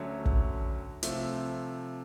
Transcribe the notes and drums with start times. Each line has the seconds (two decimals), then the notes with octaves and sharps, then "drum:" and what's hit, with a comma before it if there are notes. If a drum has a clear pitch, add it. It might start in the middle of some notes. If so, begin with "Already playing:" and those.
Already playing: D2 D3 F#3 A3 C#4
0.25 drum: kick
1.03 C3 F3 A3, drum: hi-hat